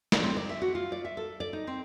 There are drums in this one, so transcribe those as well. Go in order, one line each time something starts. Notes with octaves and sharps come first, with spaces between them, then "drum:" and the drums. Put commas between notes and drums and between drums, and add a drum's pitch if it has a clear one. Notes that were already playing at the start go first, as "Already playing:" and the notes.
drum: snare
C4
D5
E5
F#4
F4
D5
E5
A4
D5
D#4
C4